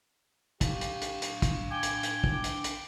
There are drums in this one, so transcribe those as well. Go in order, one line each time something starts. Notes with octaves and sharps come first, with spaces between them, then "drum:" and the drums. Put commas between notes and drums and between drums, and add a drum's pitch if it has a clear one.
D4 G4 F5, drum: kick, hi-hat
drum: hi-hat
drum: hi-hat
drum: hi-hat
drum: kick, hi-hat
G5 G#5 D6
drum: hi-hat
drum: hi-hat
drum: kick
drum: hi-hat
drum: hi-hat